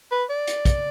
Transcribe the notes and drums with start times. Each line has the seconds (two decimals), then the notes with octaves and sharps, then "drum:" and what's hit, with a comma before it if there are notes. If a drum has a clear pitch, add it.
0.11 B4
0.30 D5
0.47 drum: hi-hat
0.65 drum: kick, hi-hat